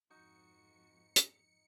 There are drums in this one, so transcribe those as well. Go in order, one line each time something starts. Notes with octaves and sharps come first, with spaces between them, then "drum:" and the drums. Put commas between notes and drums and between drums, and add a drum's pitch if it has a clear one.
F2 G#2 F3 D#4 F#4 C#7
drum: hi-hat